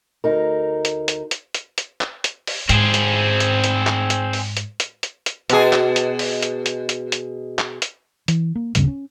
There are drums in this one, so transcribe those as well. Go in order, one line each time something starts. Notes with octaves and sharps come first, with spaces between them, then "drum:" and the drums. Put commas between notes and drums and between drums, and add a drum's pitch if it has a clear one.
D2 D#4 A#4
drum: hi-hat
drum: hi-hat
drum: hi-hat
drum: hi-hat
drum: hi-hat
drum: clap
drum: hi-hat
drum: open hi-hat
G#2 C4 G#4, drum: hi-hat
drum: hi-hat
drum: hi-hat
drum: hi-hat
drum: clap
drum: hi-hat
drum: open hi-hat
drum: hi-hat
drum: hi-hat
drum: hi-hat
drum: hi-hat
B2 G#4, drum: hi-hat
drum: clap
drum: hi-hat
drum: open hi-hat
drum: hi-hat
drum: hi-hat
drum: hi-hat
drum: hi-hat
drum: clap
drum: hi-hat
E3, drum: hi-hat
A#3
D1 G2 C#3 B3, drum: hi-hat
C#4